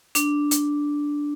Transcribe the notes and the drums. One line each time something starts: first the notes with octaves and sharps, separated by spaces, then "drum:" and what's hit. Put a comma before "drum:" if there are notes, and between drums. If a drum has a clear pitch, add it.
D4, drum: hi-hat
drum: hi-hat